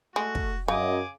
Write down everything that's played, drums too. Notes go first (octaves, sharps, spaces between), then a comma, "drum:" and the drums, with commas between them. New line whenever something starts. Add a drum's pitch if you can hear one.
G#3 A3 F#4
drum: kick
F#2 C#3 G#4 D#5 D6